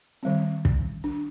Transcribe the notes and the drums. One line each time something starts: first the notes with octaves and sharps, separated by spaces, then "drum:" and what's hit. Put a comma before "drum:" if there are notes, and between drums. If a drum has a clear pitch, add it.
D#3 G3 C4
drum: kick
D4